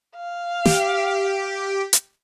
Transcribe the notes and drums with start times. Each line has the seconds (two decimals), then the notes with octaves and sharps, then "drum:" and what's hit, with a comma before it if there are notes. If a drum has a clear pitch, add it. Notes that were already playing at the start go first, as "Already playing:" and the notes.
0.16 F5
0.66 G4, drum: snare
1.93 drum: hi-hat